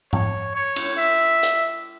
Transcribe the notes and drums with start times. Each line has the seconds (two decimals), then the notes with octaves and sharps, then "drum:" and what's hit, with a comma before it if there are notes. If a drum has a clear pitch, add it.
0.13 C#5, drum: tom G#2
0.55 C#5
0.76 drum: cymbal
0.97 E5
1.43 drum: hi-hat